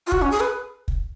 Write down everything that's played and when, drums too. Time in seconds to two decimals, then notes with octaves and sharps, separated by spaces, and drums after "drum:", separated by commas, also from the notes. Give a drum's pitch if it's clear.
0.07 F4
0.12 F#4, drum: kick
0.22 C#4
0.31 G#4
0.40 B4
0.88 drum: kick